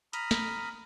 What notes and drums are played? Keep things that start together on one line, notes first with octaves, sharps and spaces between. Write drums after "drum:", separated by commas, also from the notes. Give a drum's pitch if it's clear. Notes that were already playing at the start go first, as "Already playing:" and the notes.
A#5 B5 D#6 F6, drum: hi-hat
drum: snare